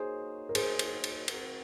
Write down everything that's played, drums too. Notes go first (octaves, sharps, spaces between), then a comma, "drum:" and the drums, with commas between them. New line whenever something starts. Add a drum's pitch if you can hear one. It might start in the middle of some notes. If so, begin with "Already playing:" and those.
Already playing: A#3 D#4 F#4 G#4 C5 C#5
A#4
G#4 C5, drum: cymbal
drum: cymbal
drum: cymbal
C4 F#4 A#4, drum: cymbal